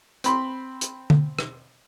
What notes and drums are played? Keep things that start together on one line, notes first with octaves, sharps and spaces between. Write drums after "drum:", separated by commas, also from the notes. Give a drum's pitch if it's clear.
C4 B5 C6, drum: hi-hat
drum: hi-hat
drum: tom D3
drum: rim click